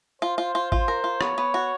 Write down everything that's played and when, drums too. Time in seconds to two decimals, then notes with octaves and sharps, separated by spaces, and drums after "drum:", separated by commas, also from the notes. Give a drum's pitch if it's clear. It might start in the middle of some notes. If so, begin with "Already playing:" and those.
0.22 F4 C5
0.38 F4
0.55 F4
0.72 F4, drum: kick G#1
0.88 A#4
1.04 F4
1.21 B3 C#5, drum: rim click
1.38 B3
1.54 F#4